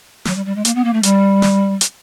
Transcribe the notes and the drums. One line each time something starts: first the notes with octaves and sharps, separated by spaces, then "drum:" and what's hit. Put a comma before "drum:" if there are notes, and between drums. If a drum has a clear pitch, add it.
F#3, drum: snare
G3
G3
G#3
A#3, drum: hi-hat
B3
A#3
A3
G3, drum: hi-hat
drum: snare
drum: hi-hat